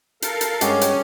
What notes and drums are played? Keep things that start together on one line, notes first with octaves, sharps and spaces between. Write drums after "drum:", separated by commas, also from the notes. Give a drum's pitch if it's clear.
A4 A#4 F5, drum: hi-hat
drum: hi-hat
G2 G#3 C#4 F#4 C#5 G5 D6, drum: hi-hat
drum: hi-hat